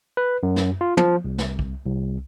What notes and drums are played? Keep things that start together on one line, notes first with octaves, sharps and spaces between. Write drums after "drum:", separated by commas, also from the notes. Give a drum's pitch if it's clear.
B4
F#2
drum: snare
F4
F3, drum: tom
C2
drum: snare
drum: kick
C2